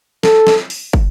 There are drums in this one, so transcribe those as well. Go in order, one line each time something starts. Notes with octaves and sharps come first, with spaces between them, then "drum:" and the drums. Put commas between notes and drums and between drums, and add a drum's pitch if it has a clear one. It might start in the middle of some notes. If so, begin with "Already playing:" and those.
A4, drum: snare
drum: snare
drum: open hi-hat
drum: kick